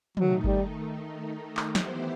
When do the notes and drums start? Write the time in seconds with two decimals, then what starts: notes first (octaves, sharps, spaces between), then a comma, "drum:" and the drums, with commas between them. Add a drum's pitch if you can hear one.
0.17 D#3 F#3 A3 D#4, drum: tom
0.44 G3, drum: kick G1
1.57 drum: clap
1.75 E3 B3 E4 G4 C5, drum: snare